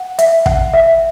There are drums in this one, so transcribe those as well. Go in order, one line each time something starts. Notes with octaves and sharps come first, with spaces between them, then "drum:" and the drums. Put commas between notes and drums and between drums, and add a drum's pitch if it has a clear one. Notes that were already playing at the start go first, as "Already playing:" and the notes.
Already playing: F#5
E5, drum: hi-hat
F#5, drum: kick
E5